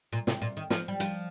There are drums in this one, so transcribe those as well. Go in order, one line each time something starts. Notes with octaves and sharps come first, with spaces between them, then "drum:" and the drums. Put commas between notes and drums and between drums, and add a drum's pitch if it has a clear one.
A#2
C3, drum: snare
A#2
D#3
F3, drum: snare
G3
F3, drum: hi-hat